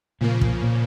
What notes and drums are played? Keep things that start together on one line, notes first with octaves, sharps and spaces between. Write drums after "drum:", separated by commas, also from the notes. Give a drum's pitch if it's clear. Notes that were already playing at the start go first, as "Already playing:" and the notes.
A#2 C#3 F3 A#3
drum: kick
A#2